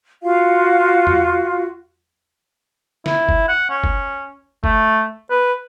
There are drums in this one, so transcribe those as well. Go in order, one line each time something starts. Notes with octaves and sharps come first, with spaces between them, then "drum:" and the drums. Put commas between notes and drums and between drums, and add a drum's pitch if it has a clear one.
F4 F#4 F5
drum: tom E2
E4, drum: snare
drum: kick F#1
F#5
C#4
drum: kick F#1
A3, drum: kick F#1
B4